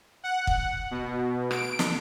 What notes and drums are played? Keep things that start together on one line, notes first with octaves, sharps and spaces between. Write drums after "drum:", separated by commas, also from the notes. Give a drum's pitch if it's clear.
F#5
drum: kick
B2
D7, drum: rim click
drum: snare